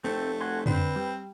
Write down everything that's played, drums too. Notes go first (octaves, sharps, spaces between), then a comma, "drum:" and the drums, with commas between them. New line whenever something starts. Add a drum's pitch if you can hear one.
F1 A3 C4 A4
F#4 G#5 C6
D3 C4 B4, drum: tom
G3